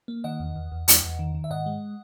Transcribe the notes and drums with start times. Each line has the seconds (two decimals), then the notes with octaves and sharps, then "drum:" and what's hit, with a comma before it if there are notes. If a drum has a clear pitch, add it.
0.08 A#3
0.24 D#3 D#5 F#5
0.40 E2
0.56 E2
0.72 E2
0.88 E2, drum: hi-hat
1.03 E2
1.19 D#3
1.35 D#3
1.44 E5
1.50 G#2 D#5 F#5
1.66 G#3